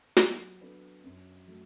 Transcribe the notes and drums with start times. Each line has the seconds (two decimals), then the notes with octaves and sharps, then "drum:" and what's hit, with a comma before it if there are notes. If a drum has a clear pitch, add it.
0.17 F#3, drum: snare
0.61 B3 D4 A4
1.04 F#2
1.47 F#3 A3